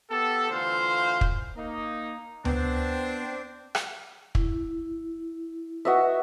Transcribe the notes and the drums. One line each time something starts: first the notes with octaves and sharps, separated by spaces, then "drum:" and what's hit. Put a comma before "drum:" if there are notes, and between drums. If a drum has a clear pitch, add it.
B3 G4 A4
D2 E3 F4 C5 F5
drum: kick
A#3 D#4
B3 C4 D4, drum: tom D2
drum: rim click
E4, drum: kick
F#4 B4 D#5 E5